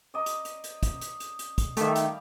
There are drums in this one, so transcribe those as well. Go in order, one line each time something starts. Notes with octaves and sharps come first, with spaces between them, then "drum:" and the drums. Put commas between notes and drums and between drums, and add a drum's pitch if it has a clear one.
D5 D#5 A#5
drum: hi-hat
drum: hi-hat
drum: hi-hat
drum: kick, hi-hat
drum: hi-hat
drum: hi-hat
drum: hi-hat
drum: kick, hi-hat
D#3 G3 A3 G4 F5, drum: hi-hat
drum: hi-hat